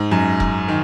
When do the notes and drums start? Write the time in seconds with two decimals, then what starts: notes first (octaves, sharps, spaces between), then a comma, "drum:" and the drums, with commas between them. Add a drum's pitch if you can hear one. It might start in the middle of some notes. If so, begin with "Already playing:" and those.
Already playing: G#2
0.11 F#2
0.40 drum: kick F1
0.68 D#3